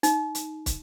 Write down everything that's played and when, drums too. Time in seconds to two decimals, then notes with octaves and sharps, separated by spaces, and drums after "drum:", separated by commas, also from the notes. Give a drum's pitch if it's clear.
0.03 D#4, drum: hi-hat
0.35 drum: hi-hat
0.66 drum: kick, hi-hat